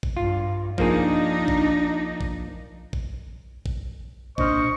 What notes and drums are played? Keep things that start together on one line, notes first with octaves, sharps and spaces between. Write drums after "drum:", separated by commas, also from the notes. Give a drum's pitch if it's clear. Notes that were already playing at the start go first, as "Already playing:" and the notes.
drum: kick A1
G2 F4
F3 A#3 D4 D#4 G#4, drum: kick A1
drum: kick A1
drum: kick A1
drum: kick A1
drum: kick A1
A#2 D4 C5 D#5 C#6 F6, drum: kick A1